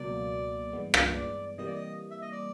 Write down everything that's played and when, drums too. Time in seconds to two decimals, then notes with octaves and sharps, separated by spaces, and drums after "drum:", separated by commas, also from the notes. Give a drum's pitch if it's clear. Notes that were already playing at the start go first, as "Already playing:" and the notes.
Already playing: C#2 B2 F#3 A#3 D5
0.73 G2 E3 G#3 B3
0.94 drum: rim click
1.15 D5
1.58 C3 E3 G3 A#3 D#5
1.67 D5
1.75 D#5
2.11 E5
2.22 D#5
2.32 D5